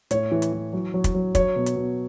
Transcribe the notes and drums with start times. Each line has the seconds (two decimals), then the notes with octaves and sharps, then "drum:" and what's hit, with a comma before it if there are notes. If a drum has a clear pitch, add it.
0.11 A2 C#5, drum: hi-hat
0.31 E3
0.42 drum: hi-hat
0.53 E3
0.73 F#3
0.94 F#3
1.04 drum: kick, hi-hat
1.14 F#3
1.35 F#3 C#5, drum: kick, hi-hat
1.56 B2
1.66 drum: hi-hat
1.76 B2